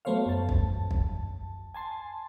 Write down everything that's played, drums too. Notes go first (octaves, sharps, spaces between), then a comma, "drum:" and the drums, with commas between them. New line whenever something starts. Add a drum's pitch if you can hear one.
F#3 A3 B3 C5 C#5 F5
F#2 A5
drum: kick
drum: kick
G#5 A5 C6